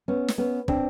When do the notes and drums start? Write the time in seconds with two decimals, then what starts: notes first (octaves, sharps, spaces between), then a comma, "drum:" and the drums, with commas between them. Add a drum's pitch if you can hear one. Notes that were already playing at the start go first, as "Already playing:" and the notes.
0.08 B3 C#4
0.28 drum: snare
0.38 B3 C#4
0.68 C4 D4, drum: kick